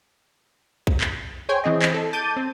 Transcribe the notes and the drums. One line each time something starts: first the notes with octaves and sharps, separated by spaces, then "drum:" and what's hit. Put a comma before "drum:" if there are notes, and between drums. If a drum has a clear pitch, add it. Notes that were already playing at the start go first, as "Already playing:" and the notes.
drum: kick
drum: clap
G#4 C5 C#5 G5 G#5
E3 C4 G#4 D#5
drum: clap
A4
A5 D6 G6 A6 D#7
C4